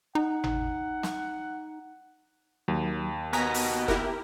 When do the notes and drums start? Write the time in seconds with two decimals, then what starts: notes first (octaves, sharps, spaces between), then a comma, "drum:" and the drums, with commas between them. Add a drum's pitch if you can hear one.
0.15 D#4 F#5
0.44 drum: tom G#1
1.03 drum: snare
2.68 D#2 F#3
3.33 B3 F#4 D#5 G#5 A#5 B6
3.54 drum: open hi-hat
3.88 E4 G4 A#4, drum: kick F#1